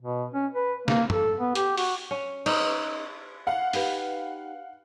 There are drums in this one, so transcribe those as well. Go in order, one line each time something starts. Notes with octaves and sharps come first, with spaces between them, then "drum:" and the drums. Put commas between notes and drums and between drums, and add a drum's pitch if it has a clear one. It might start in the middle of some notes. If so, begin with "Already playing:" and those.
B2
C#4
B4
A#3, drum: snare
A4, drum: tom
B3
G4, drum: hi-hat
F#4, drum: open hi-hat
C#4
D#4, drum: cymbal
F5 F#5
D#4 G4 B4, drum: open hi-hat